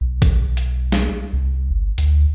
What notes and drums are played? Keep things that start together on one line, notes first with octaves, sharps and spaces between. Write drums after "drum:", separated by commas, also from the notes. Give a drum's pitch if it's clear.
B1
drum: kick, hi-hat
drum: hi-hat
drum: snare
C2
G1
D2, drum: hi-hat